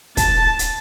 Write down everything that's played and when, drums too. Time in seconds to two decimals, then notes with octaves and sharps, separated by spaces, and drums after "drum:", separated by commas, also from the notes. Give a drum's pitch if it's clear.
0.17 A5, drum: kick, hi-hat
0.59 drum: hi-hat